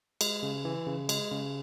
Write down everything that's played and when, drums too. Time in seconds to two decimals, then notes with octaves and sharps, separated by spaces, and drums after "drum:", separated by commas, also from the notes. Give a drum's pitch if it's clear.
0.21 G#3, drum: cymbal
0.43 C#3
0.65 E3
0.87 C#3
1.09 G#3, drum: cymbal
1.32 C#3